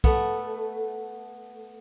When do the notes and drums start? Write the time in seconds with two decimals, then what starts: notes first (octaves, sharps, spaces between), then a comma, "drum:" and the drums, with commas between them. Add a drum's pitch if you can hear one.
0.04 A3 B3, drum: kick